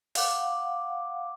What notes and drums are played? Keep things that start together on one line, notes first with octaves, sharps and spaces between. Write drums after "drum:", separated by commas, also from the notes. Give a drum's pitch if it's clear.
F5 F#5 D6, drum: open hi-hat